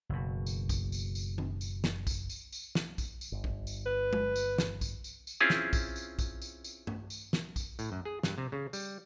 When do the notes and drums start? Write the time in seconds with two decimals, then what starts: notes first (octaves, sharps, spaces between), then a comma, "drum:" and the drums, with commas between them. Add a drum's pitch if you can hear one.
0.09 F#1 B2
0.46 drum: tambourine
0.69 drum: kick A#1, tambourine
0.92 drum: tambourine
1.15 drum: tambourine
1.38 drum: tom D#3
1.61 drum: tambourine
1.84 drum: snare
2.07 drum: kick A#1, tambourine
2.30 drum: tambourine
2.52 drum: tambourine
2.75 drum: snare
2.98 drum: kick A#1, tambourine
3.21 drum: tambourine
3.32 G1
3.44 drum: kick A#1
3.67 drum: tambourine
3.86 B4
4.13 drum: tom G#3
4.36 drum: tambourine
4.58 drum: snare
4.81 drum: kick A#1, tambourine
5.04 drum: tambourine
5.27 drum: tambourine
5.40 C4 C#4 E4 F4 G#4
5.50 drum: snare
5.73 drum: kick A#1, tambourine
5.96 drum: tambourine
6.19 drum: kick A#1, tambourine
6.42 drum: tambourine
6.64 drum: tambourine
6.87 drum: tom G2
7.10 drum: tambourine
7.33 drum: snare
7.56 drum: kick A#1, tambourine
7.79 A2, drum: tambourine
7.92 F#2
8.05 G#4
8.23 G2, drum: snare
8.38 C3
8.52 C#3
8.73 G3, drum: tambourine